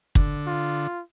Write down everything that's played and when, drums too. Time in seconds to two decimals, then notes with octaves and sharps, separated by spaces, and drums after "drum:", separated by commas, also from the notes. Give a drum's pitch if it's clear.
0.15 D3, drum: kick
0.47 F4